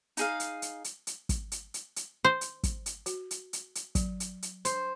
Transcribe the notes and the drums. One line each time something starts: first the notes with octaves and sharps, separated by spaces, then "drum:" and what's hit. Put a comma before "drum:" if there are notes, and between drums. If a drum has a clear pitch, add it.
D#4 G#4 F5, drum: hi-hat
drum: hi-hat
drum: hi-hat
drum: hi-hat
drum: hi-hat
drum: kick, hi-hat
drum: hi-hat
drum: hi-hat
drum: hi-hat
C5
drum: hi-hat
drum: kick, hi-hat
drum: hi-hat
F#4, drum: hi-hat
drum: hi-hat
drum: hi-hat
drum: hi-hat
F#3, drum: kick, hi-hat
drum: hi-hat
drum: hi-hat
C5, drum: hi-hat